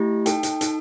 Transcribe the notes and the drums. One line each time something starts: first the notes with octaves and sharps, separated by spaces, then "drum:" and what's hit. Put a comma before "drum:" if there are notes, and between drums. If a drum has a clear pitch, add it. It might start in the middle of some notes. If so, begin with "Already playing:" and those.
Already playing: A3 E4 G4
D#4 A4 G5, drum: hi-hat
drum: hi-hat
D#4 A4, drum: hi-hat